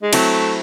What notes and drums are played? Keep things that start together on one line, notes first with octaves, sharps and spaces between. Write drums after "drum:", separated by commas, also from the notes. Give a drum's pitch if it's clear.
G#3
F#3 A3 C4 E4, drum: cymbal